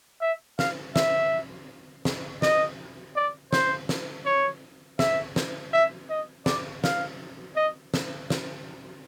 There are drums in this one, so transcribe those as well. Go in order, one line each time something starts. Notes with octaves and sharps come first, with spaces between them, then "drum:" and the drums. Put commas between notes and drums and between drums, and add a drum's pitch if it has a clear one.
E5
F5, drum: snare
E5, drum: snare
drum: snare
D#5, drum: snare
D5
C5, drum: snare
drum: snare
C#5
E5, drum: snare
drum: snare
E5
D#5
D5, drum: snare
F5, drum: snare
D#5
drum: snare
drum: snare